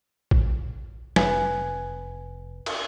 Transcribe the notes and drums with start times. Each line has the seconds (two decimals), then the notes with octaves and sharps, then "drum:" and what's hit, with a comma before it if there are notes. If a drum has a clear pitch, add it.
0.31 drum: kick A1
1.16 F1 B4 G#5, drum: snare
2.66 drum: cymbal